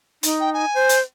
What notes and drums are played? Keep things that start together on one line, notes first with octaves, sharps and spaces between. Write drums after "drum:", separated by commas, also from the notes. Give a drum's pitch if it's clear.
D#4, drum: hi-hat
G5
G#5
C5
drum: hi-hat